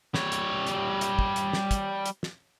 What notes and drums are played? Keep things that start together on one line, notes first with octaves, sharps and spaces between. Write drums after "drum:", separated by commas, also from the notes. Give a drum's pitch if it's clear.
G3 C#5, drum: snare
drum: hi-hat
drum: hi-hat
drum: hi-hat
drum: kick
drum: hi-hat
drum: snare
drum: kick, hi-hat
drum: hi-hat
drum: snare